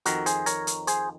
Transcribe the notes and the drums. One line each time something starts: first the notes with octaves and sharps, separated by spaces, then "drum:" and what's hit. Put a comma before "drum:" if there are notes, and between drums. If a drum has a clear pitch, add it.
F2 D#3 F#4 A#4, drum: hi-hat
G#4 C5, drum: hi-hat
A#4 C#5, drum: hi-hat
drum: hi-hat
G#4 C5, drum: hi-hat